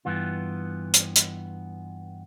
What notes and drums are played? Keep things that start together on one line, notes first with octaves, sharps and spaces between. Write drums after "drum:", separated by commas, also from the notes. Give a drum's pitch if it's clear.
G2 E3 B3 F4
drum: hi-hat
drum: hi-hat